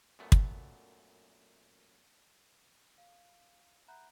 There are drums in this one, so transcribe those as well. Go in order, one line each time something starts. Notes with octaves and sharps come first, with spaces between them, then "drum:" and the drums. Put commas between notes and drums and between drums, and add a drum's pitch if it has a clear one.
F#2 A#2 A3 B3
drum: kick
F5
E5 F#5 A#5 B5 F#6 G6